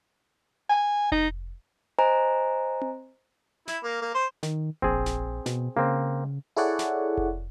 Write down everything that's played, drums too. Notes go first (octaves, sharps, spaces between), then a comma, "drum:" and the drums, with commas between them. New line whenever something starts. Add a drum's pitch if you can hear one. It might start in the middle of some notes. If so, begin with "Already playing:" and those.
G#5
D#4, drum: kick F1
C5 D#5 G#5 A#5
drum: tom C4
E4, drum: snare
A#3
A#3
C5
D#3, drum: snare
A#1 C4 G#4, drum: kick F1
drum: snare
B2, drum: snare
C#3 A#3 C4
E4 G#4 A4 C#5 D5 F#5
drum: snare
drum: kick F1